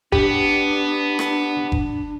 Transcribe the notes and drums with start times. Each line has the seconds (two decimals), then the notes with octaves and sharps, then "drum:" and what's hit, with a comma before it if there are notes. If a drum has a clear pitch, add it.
0.12 B3 D4 G4, drum: kick F#1
1.19 drum: rim click
1.72 drum: kick F#1